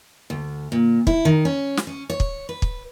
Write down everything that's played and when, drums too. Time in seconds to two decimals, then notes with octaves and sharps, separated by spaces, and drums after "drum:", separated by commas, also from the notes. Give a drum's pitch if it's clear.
0.30 D2
0.72 A#2
1.07 E4, drum: kick
1.25 D#3
1.45 C#4
1.77 drum: snare
1.87 C#4
2.10 C#5
2.20 drum: kick
2.49 B4
2.62 drum: kick